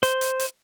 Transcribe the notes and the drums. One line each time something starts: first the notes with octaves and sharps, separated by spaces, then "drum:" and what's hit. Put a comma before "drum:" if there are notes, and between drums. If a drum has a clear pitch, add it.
C5, drum: hi-hat
drum: hi-hat
drum: hi-hat